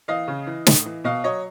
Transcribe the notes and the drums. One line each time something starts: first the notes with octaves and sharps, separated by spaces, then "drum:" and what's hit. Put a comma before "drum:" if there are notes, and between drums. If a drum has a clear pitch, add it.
E3 D#5 F5
C#3
E3
A2, drum: snare
E3
B2 D#5 F5
F#3 C#5 D#5